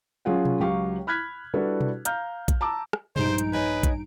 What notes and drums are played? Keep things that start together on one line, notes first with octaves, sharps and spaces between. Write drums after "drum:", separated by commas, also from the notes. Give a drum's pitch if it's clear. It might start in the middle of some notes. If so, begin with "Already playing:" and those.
F#3 C#4 F4 G#4 F5 F#5
drum: tom B2
C#2 F#3 G4 F5 C#6
B5 F6 F#6 G#6 B6
G3 D4 E4 F#4 A4 B4
drum: tom B2
F5 A#5 F6 G6, drum: hi-hat
drum: kick A#1, hi-hat
A5 A#5 D6 E6
drum: rim click
A#1 G2 G#3 D#4 C5 D7, drum: tom B2
drum: hi-hat
B4 C#5 D#5 G#5
drum: kick A#1, hi-hat